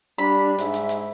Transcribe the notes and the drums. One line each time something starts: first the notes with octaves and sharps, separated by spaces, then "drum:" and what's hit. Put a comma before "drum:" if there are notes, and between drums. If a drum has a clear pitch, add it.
G3 D4 B5
G#2 E5, drum: hi-hat
drum: hi-hat
drum: hi-hat